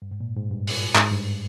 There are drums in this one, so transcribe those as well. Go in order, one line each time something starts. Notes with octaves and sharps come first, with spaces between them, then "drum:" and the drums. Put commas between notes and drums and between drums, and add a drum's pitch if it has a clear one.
G2
G#2
A#2
G#2
G2
drum: open hi-hat
G#2, drum: clap
G2